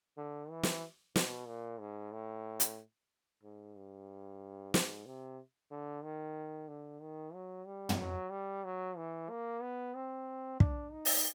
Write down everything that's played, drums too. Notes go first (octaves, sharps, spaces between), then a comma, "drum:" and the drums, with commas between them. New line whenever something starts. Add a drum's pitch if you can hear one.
D3
E3
drum: snare
B2, drum: snare
A#2
G#2
A2
drum: hi-hat
G#2
G2
G#2, drum: snare
C3
D3
D#3
D3
D#3
F#3
G3
drum: tom
F#3
G3
F#3
E3
A#3
B3
C4
D4, drum: kick
D#4
drum: open hi-hat